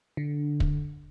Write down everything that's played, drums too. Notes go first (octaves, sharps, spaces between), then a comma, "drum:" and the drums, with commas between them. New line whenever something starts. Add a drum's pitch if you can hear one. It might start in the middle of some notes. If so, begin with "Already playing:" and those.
D3
drum: kick